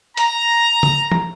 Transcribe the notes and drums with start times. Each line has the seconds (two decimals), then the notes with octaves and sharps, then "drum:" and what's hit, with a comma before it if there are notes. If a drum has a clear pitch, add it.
0.17 A#5, drum: hi-hat
0.83 drum: tom
1.12 drum: tom